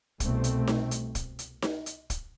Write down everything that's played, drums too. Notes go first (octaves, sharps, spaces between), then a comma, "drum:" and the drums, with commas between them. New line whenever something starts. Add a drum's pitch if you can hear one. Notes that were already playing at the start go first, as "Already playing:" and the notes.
C2 B2 A3 C4, drum: kick, hi-hat
drum: hi-hat
drum: snare D#4
drum: hi-hat
drum: kick, hi-hat
drum: hi-hat
drum: snare D#4
drum: hi-hat
drum: kick, hi-hat